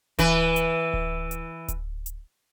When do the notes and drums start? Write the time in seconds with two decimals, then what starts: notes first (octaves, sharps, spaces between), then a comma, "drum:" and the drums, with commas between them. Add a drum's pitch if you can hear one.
0.19 E3 B4, drum: kick D1, hi-hat
0.56 drum: hi-hat
0.93 drum: kick D1
1.31 drum: hi-hat
1.68 drum: kick D1, hi-hat
2.06 drum: hi-hat